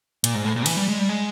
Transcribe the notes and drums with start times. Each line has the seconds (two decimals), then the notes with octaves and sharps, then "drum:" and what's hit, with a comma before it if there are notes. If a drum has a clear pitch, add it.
0.24 A#2, drum: hi-hat
0.35 G#2
0.44 A2
0.56 A#2
0.66 E3, drum: cymbal
0.77 G3
0.88 G#3
0.99 G3
1.09 G#3